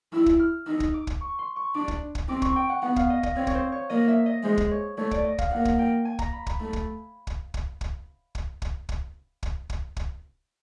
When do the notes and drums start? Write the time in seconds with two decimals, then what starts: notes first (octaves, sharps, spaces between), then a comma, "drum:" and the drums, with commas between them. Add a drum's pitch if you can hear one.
0.13 E4 E6
0.26 drum: kick
0.39 F6
0.66 D#4 E6
0.80 drum: kick
0.94 D6
1.07 drum: kick
1.21 C#6
1.39 C6
1.56 C#6
1.75 D4 D6
1.88 drum: kick
2.15 drum: kick
2.29 C4 D6
2.42 C#6, drum: kick
2.56 G5
2.69 F#5
2.83 B3 F#5
2.96 F5, drum: kick
3.10 D#5
3.23 D#5, drum: kick
3.36 C4 C#5
3.47 C#5, drum: kick
3.55 C5
3.72 C#5
3.90 A#3 D#5
4.08 E5
4.26 D#5
4.44 G#3 C5
4.58 drum: kick
4.71 C#5
4.98 A3 C#5
5.11 D5, drum: kick
5.24 D#5
5.38 F5, drum: kick
5.52 A#3 F#5
5.65 drum: kick
5.79 G5
6.05 G#5
6.19 A#5, drum: kick
6.33 B5
6.47 B5, drum: kick
6.60 A3
6.73 drum: kick
7.27 drum: kick
7.54 drum: kick
7.81 drum: kick
8.35 drum: kick
8.62 drum: kick
8.89 drum: kick
9.43 drum: kick
9.70 drum: kick
9.97 drum: kick